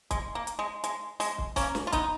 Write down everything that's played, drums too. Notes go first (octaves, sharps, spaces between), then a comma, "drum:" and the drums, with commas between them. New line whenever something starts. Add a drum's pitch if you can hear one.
G#3, drum: kick, hi-hat
A#3
drum: hi-hat
G#3
G#3, drum: hi-hat
G#3, drum: open hi-hat
drum: kick
A#3 C#4, drum: kick, open hi-hat
drum: snare
F4
B3 D#4, drum: kick, hi-hat